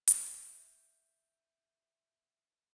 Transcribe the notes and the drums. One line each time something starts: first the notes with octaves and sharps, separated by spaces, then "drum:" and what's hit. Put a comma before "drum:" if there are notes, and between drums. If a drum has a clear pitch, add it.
E5 G6, drum: hi-hat